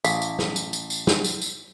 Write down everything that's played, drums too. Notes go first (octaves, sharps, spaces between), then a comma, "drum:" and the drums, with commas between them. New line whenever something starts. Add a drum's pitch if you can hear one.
A1 F5 B6, drum: tambourine
drum: tambourine
drum: snare
drum: tambourine
drum: tambourine
drum: tambourine
drum: snare
drum: tambourine
drum: tambourine